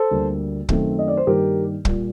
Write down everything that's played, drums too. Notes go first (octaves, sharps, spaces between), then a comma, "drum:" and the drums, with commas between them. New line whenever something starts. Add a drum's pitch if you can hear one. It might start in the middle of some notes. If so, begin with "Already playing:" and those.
Already playing: A4 C5
D2 D3 G3 A#3
F#2 D#3 A3 C4, drum: kick
D#5
D5
C5
G2 D#3 G3 A#3 G4 A#4
A#2 G3, drum: kick